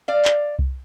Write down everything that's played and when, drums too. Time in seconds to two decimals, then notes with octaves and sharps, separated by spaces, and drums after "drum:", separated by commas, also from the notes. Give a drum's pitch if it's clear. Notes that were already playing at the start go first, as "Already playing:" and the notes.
0.08 D5 F5
0.25 drum: clap
0.59 drum: kick C2